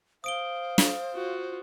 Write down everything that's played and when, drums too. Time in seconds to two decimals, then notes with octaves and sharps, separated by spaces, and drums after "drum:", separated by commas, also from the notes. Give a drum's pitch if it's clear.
0.24 C5 F5 D#6 D7 G7
0.78 drum: snare
1.14 F4 F#4